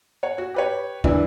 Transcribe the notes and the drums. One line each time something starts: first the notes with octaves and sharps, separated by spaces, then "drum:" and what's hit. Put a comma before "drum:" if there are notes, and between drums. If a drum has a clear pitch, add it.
C#5 F#5
F#4
G4 B4 C#5
G2 A#2 D3 E3 D4 E4, drum: kick